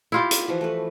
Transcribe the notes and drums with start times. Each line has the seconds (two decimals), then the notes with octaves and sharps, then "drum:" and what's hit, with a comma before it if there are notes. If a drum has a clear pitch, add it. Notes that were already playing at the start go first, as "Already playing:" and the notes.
0.12 E4 F4 G4
0.31 drum: hi-hat
0.48 E3 F3 F#4
0.61 A3 B4